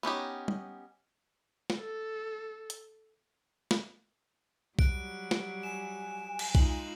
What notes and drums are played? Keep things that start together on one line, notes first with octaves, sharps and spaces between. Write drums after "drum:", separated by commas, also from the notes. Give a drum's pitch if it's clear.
B3 C#4 D#4 G4
drum: tom G3
drum: snare
A4
drum: hi-hat
drum: snare
F#3 G3 F#6 D7, drum: kick B1
drum: snare
G#5 E7
drum: cymbal
G#3 D#4 F4 F#7, drum: kick B1